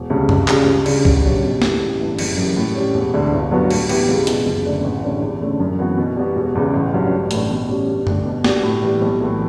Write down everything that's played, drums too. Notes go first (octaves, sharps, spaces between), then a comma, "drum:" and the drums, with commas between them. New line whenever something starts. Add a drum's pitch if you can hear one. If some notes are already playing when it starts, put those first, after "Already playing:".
Already playing: E1
D2 C#3 G3
C#2, drum: tom F#2
C#3 G3, drum: clap
C#2
C#3 G3 D4, drum: cymbal
A1, drum: kick B1
G2 F#3 C#4 G4
B2
A3 E4 G4, drum: snare
A1
G2 E3
F#1, drum: cymbal
F#2 E3 G3
A2
G3 C#4
E1
D2 D3
G1
G2 F#3 B3 F#4
A2, drum: cymbal
E3 B3 E4 G4, drum: cymbal
C#2
B2 G3, drum: hi-hat
F#1
E2 D3 A3 D4
A1
G2 D3 A3 C#4
E2
D3 A3 C#4
F#2
E3 B3 F#4
B2
G3 B3 F#4
E1
E2 C#3 E3
A1
G2 F#3 C#4 F#4
A1
A2 E3 A3 D4, drum: hi-hat
B2
G3 C#4
G2
D3 A3 D4 G4, drum: tom F#2
B2
G3 B3 D4 F#4, drum: snare
A2
E3 G3
B1
A2 E3 A3